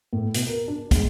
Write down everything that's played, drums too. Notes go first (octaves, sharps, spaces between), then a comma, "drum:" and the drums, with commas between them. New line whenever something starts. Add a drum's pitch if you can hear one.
A2
B2, drum: hi-hat
A#4
D4
G#3, drum: kick, hi-hat